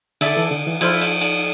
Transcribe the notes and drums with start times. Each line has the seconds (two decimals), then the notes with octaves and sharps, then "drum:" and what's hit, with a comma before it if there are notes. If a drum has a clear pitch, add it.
0.21 D3 E4 A4 D5 A5, drum: cymbal
0.37 E3
0.51 D3
0.67 E3
0.81 F3 E4 A4 C5 F5, drum: cymbal
1.01 drum: cymbal
1.21 drum: cymbal